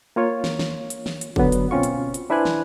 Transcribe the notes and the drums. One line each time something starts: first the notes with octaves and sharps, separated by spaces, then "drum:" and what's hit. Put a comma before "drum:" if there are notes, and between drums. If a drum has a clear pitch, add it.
A#3 F4 C#5
drum: snare
drum: snare
drum: hi-hat
drum: snare
drum: hi-hat
D3 F#3 B3, drum: kick
drum: hi-hat
B2 C4 C#4 F4 C#6
drum: hi-hat
drum: hi-hat
D4 E4 B4 C5 G#5 F#6
drum: snare